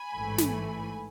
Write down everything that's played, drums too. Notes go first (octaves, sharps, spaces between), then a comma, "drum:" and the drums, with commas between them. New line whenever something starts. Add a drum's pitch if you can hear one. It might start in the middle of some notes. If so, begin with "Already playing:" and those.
Already playing: G#5 B5
A1 G#2 E3 A3
drum: snare